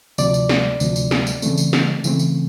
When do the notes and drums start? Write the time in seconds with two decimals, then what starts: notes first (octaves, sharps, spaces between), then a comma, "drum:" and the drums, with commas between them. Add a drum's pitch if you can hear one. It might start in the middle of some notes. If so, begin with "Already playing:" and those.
0.18 D2 C3 F3 D5, drum: tambourine
0.34 drum: tambourine
0.49 drum: snare
0.80 D2 C3 F3, drum: tambourine
0.96 drum: tambourine
1.11 drum: snare
1.27 drum: tambourine
1.42 C#3 E3 A3 C4, drum: tambourine
1.58 drum: tambourine
1.73 drum: snare
2.04 C#3 E3 A3 C4, drum: tambourine
2.19 drum: tambourine